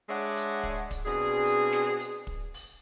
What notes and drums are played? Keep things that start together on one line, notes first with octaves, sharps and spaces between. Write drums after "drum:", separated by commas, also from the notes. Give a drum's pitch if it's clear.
G#3 D4 C#5 D5 E5 F#5
drum: hi-hat
drum: kick
drum: kick, hi-hat
B2 C4 D4 G#4
drum: hi-hat
drum: snare
drum: hi-hat
drum: kick
drum: open hi-hat